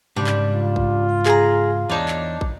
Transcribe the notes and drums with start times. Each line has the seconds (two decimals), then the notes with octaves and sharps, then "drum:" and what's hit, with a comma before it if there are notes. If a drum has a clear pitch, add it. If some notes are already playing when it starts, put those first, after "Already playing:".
0.16 G#2 C#3 G3 D4
0.27 drum: clap
0.55 F4
0.76 drum: kick
1.26 G#4 A#5, drum: clap
1.89 E2 D4 D#4 C#5 A5
2.08 drum: clap
2.41 drum: kick